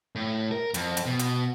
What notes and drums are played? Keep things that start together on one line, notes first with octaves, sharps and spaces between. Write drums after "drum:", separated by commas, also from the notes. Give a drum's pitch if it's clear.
A2
A#4
F2, drum: hi-hat
drum: hi-hat
B2
drum: hi-hat